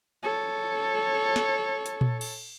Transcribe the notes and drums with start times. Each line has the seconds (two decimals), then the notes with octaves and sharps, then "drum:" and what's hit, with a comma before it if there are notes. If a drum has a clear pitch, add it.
0.23 A4 C#5
1.36 drum: snare
1.86 drum: hi-hat
2.01 drum: tom A#2
2.21 drum: cymbal